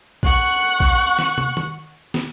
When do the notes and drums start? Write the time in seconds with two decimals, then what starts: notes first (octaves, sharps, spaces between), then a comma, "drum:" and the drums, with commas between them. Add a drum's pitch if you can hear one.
0.23 F#5 C#6 F#6, drum: kick
0.80 drum: kick
1.19 drum: snare
1.38 drum: tom
1.57 drum: tom
2.14 drum: snare